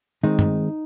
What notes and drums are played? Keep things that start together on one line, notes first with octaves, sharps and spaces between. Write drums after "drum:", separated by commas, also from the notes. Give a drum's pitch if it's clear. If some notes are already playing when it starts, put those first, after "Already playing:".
D#3 G#3 C4 D#4
drum: tom G2